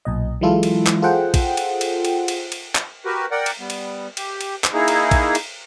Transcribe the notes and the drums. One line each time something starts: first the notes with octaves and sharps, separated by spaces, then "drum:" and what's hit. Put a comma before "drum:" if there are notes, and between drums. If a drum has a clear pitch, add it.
B1 A#2 D#5
E3 F#3 G#3 E4 F4 A4
drum: cymbal
drum: clap
F4 G#4 A4 C5 F#5 G5
drum: kick A#1, cymbal
drum: cymbal
drum: cymbal
drum: cymbal
drum: cymbal
drum: cymbal
drum: clap
F#4 G4 A#4 B4
A#4 D5 F#5 G5
drum: cymbal
G3 B3
drum: cymbal
G4, drum: cymbal
drum: cymbal
drum: clap
A#3 D#4 E4 G#4
drum: cymbal
drum: kick A#1, cymbal
drum: cymbal